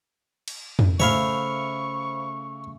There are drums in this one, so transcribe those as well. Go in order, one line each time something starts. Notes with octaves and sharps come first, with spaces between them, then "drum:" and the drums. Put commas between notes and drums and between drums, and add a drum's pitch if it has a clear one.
drum: cymbal
drum: tom
C#3 A3 C5 C#5 E5 F5 B5 C#6, drum: tom G#2